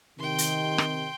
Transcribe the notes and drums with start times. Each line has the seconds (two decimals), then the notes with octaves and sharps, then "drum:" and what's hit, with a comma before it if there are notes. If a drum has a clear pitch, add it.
0.18 C3 D#3 G5 C6
0.38 drum: hi-hat
0.78 drum: rim click